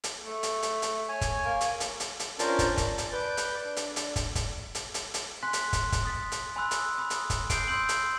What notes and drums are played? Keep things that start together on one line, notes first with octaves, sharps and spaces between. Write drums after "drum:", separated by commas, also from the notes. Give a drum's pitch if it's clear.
drum: hi-hat
A3
drum: hi-hat
drum: hi-hat
drum: hi-hat
C#5 G#5
drum: kick, hi-hat
A#3
drum: hi-hat
drum: hi-hat
drum: hi-hat
drum: hi-hat
C#4 D4 F4 A#4 C5 A5, drum: hi-hat
drum: kick, hi-hat
A5, drum: kick, hi-hat
drum: hi-hat
B4 D5 G6
drum: hi-hat
D4
drum: hi-hat
drum: hi-hat
drum: kick, hi-hat
drum: kick, hi-hat
drum: hi-hat
drum: hi-hat
drum: hi-hat
G#5 C6 F#6 B6
drum: hi-hat
drum: kick, hi-hat
drum: kick, hi-hat
D#6 A6 B6
drum: hi-hat
G#5 B5 C6 D#6 E6 F#6
drum: hi-hat
B5 D#6
drum: hi-hat
drum: kick, hi-hat
D#6 G6 C7 D7, drum: kick, hi-hat
C6 E6 G6 F#7
drum: hi-hat